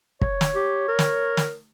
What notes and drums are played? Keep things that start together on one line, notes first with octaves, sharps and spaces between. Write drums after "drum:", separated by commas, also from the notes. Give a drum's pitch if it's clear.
C#5, drum: kick
drum: snare
G4
A#4
drum: snare
drum: snare